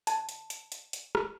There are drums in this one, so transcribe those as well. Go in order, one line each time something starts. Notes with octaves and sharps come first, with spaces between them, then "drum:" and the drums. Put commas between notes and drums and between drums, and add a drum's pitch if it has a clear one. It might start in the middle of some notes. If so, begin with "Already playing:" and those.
A5, drum: hi-hat
drum: hi-hat
drum: hi-hat
drum: hi-hat
drum: hi-hat
drum: rim click